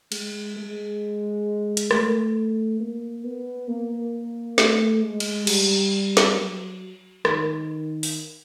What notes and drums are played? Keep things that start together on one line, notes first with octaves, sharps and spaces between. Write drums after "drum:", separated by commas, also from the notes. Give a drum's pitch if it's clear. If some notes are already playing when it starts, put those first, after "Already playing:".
G#3, drum: cymbal
G#3
drum: hi-hat
A3, drum: rim click
A#3
B3
A#3
A3, drum: snare
G#3
drum: cymbal
G3, drum: cymbal
drum: snare
F#3
D#3, drum: rim click
drum: open hi-hat